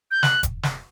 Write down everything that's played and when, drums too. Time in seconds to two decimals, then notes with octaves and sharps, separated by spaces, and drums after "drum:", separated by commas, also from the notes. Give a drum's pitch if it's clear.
0.11 G6
0.23 F#6, drum: snare
0.43 drum: kick E1, hi-hat
0.63 drum: snare